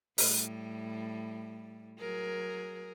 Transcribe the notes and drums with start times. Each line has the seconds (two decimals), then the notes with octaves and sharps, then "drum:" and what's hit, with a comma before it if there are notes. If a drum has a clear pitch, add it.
0.18 A2 G3, drum: open hi-hat
1.99 F#3 G#4 A#4